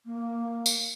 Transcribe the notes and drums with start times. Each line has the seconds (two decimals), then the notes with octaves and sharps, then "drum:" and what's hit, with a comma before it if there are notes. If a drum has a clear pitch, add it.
0.06 A#3
0.66 drum: tambourine